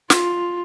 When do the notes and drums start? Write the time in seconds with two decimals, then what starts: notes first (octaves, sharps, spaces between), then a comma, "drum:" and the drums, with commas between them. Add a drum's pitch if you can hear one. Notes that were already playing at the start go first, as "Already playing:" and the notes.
0.10 F4, drum: snare